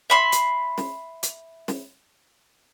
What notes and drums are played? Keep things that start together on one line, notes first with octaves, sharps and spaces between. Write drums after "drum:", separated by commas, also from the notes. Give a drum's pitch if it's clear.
E5 B5 C6
drum: hi-hat
drum: snare
drum: hi-hat
drum: snare